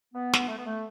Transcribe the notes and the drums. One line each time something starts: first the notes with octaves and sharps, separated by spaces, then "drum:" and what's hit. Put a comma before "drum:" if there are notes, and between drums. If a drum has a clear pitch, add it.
B3
drum: snare
A3
B3
A3